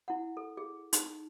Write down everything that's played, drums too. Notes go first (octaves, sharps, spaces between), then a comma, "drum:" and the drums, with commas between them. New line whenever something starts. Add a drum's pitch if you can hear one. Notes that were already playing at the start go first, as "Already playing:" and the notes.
E4 F#5
A4
G#4
D#4, drum: hi-hat